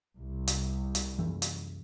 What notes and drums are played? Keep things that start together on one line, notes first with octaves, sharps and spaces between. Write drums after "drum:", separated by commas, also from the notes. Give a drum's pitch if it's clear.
C2
drum: hi-hat
drum: hi-hat
F#2 E3
drum: hi-hat